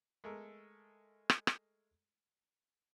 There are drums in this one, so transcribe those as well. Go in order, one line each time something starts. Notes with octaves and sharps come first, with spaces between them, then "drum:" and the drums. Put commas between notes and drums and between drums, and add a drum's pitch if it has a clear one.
G#3 A3 A4 A#4
drum: rim click
drum: rim click